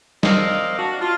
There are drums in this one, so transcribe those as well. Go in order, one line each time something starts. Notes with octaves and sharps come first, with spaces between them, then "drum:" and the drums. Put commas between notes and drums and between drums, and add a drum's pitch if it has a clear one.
C4 A#4 D5 D#5 F5, drum: snare
D4 F#4
F4